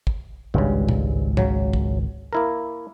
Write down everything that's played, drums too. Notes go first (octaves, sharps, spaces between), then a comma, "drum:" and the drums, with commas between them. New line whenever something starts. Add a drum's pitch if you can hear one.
drum: kick
G#1 C#2 G2 C#3 G#3
drum: tom
C#3 F#3, drum: tom
drum: kick
A#3 E4 A#4